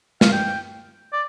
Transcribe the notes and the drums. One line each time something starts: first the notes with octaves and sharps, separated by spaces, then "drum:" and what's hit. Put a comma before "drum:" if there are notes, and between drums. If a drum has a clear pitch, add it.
F5, drum: snare
G5
D5